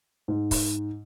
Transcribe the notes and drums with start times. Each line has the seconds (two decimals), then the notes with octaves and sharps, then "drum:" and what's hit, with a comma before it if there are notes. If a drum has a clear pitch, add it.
0.28 G#2
0.51 drum: kick, open hi-hat